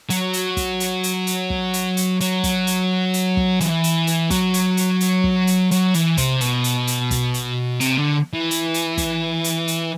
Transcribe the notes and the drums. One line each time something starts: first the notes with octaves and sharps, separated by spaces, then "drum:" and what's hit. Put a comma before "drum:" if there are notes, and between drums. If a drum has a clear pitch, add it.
F#3, drum: hi-hat
drum: hi-hat
drum: kick, hi-hat
drum: hi-hat
drum: hi-hat
drum: hi-hat
drum: kick
drum: hi-hat
drum: hi-hat
F#3, drum: hi-hat
drum: kick, hi-hat
drum: hi-hat
drum: hi-hat
drum: kick
E3, drum: hi-hat
drum: hi-hat
drum: hi-hat
F#3, drum: kick, hi-hat
drum: hi-hat
drum: hi-hat
drum: hi-hat
drum: kick
drum: hi-hat
F#3, drum: hi-hat
E3, drum: hi-hat
C3, drum: kick, hi-hat
B2, drum: hi-hat
drum: hi-hat
drum: hi-hat
drum: kick, hi-hat
drum: hi-hat
C3, drum: hi-hat
D3
E3
drum: hi-hat
drum: hi-hat
drum: kick, hi-hat
drum: hi-hat
drum: hi-hat